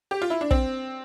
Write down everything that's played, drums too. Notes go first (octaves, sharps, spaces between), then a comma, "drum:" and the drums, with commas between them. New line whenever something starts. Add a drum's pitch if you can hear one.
G4
F4
E4
D4
C4, drum: kick